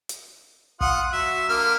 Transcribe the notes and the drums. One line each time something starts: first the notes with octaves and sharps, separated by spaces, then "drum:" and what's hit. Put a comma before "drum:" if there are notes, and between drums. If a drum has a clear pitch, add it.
drum: hi-hat
F4 F#5 D#6, drum: kick
F#3 E5
D3 A#3 F6